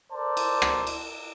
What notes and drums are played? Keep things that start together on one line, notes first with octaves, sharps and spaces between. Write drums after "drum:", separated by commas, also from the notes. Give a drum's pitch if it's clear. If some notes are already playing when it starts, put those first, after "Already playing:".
A4 A#4 C5 D5 A5
drum: cymbal
drum: rim click
drum: cymbal